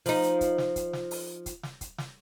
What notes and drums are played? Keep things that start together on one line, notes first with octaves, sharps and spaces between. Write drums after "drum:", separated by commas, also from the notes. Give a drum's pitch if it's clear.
F3 D#4, drum: open hi-hat
drum: hi-hat
drum: kick, hi-hat
drum: snare
drum: kick, hi-hat
drum: snare
drum: open hi-hat
drum: kick, hi-hat
drum: snare
drum: kick, hi-hat
drum: snare